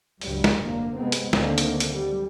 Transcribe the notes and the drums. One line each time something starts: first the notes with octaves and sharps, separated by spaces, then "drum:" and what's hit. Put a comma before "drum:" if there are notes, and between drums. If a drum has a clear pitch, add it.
C#2 G2 F#3 G3, drum: open hi-hat
drum: snare
F1 D3 A#3
C3 G#3 B3 C4
drum: hi-hat
D2 D3 D#3 A#3 C4, drum: snare
drum: hi-hat
drum: hi-hat
G3